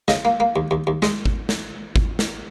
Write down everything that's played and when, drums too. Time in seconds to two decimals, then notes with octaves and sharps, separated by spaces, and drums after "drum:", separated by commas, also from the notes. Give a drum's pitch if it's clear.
0.08 C#3 D#5, drum: snare
0.25 A#3
0.40 A#3
0.56 D#2
0.71 D#2
0.87 D#2
1.02 G#3 D#5, drum: snare
1.25 drum: kick G#1
1.49 drum: snare
1.96 drum: kick G#1
2.19 drum: snare